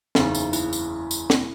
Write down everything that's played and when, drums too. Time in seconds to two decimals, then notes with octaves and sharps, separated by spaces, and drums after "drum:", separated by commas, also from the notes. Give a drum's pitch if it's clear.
0.15 F#1 E2 C#3 D#4, drum: snare
0.35 drum: tambourine
0.53 E4, drum: tambourine
0.73 drum: tambourine
1.11 drum: tambourine
1.30 drum: snare